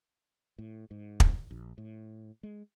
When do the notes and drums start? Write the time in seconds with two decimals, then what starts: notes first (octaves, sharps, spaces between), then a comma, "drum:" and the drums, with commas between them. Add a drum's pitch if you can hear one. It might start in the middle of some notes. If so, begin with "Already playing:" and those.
0.58 A2
0.91 G#2
1.20 drum: kick
1.51 A#1
1.78 A2
2.43 G#3